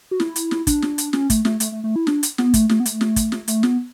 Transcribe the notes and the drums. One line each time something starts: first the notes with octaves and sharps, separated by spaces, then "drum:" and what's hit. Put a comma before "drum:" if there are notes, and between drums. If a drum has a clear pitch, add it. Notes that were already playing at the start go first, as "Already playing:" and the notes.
F#4
E4, drum: snare
drum: hi-hat
drum: snare
D4, drum: kick, hi-hat
drum: snare
drum: hi-hat
C#4, drum: snare
A3, drum: kick, hi-hat
A3, drum: snare
A3, drum: hi-hat
A3
A3
E4
D4, drum: snare
drum: hi-hat
B3, drum: snare
A3, drum: kick, hi-hat
A3, drum: snare
B3
A3, drum: hi-hat
drum: snare
drum: kick, hi-hat
drum: snare
A3, drum: hi-hat
B3, drum: snare